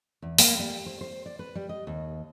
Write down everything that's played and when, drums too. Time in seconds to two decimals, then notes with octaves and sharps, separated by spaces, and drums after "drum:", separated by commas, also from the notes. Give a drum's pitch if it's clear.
0.22 E2
0.38 A#3, drum: open hi-hat
0.59 G3
0.86 C5
1.01 C5
1.26 D5
1.39 B4
1.55 G3
1.69 D#5
1.87 D#2